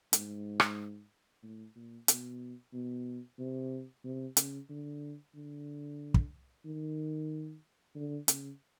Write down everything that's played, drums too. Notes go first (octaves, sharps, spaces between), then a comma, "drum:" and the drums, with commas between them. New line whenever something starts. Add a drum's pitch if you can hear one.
G#2, drum: hi-hat
drum: rim click
A2
A#2
B2, drum: hi-hat
B2
C3
C3
C#3, drum: hi-hat
D3
D3
drum: kick
D#3
D3
C#3, drum: hi-hat